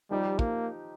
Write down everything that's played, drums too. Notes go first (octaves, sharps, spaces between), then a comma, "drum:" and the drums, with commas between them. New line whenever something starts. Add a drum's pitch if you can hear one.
F3 G3 D#4 G4
A#3, drum: kick